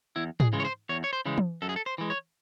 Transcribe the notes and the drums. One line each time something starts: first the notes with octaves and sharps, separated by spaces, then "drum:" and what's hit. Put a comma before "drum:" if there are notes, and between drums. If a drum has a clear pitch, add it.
E2 E4
G#4, drum: tom
C#3 E3 G#3
C#5
C5
E2 C#5
C#5
C5
C#3 E3 G#3
drum: tom E3
F#2 A4
G#4
A4
C5
E3 G#3
C#5